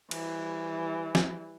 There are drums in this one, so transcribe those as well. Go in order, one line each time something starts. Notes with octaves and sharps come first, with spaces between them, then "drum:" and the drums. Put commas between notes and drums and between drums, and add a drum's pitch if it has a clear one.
E3 G3, drum: cymbal
drum: snare